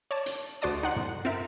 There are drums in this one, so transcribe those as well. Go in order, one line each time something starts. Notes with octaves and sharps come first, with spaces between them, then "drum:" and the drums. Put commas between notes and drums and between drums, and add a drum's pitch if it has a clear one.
C#5 D5 A5
drum: hi-hat
D2 F#4 C5 D5 A5 D#6
D#4 F#5 C6
drum: tom
C4 F4 A#4 E5